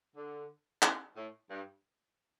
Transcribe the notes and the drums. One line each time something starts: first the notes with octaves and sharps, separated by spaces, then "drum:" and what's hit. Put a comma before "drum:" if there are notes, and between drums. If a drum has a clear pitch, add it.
D3
drum: clap
A2
G2